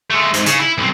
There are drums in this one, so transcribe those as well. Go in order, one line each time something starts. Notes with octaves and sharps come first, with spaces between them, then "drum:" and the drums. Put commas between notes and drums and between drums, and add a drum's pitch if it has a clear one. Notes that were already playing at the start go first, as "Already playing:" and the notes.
G#3 A3
G#2, drum: hi-hat
C#3, drum: hi-hat
E4
B1 C4